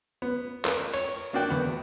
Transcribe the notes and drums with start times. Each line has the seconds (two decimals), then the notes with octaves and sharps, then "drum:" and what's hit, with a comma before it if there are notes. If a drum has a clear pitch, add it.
0.22 B3
0.65 A#4 B4, drum: clap
0.94 C#5, drum: cymbal
1.33 A#3 D4 F#4 D5 G5 F#6
1.50 E2 B3